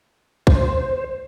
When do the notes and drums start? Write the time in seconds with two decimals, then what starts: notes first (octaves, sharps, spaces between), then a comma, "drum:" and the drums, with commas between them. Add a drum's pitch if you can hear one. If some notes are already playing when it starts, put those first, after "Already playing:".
0.47 C5, drum: kick